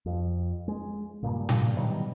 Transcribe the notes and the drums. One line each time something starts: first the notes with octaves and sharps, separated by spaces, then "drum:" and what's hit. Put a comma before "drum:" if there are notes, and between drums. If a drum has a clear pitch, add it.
F2
G#3
G2 A#2 C#3
drum: tom A2
B2 D#3 F#3 G3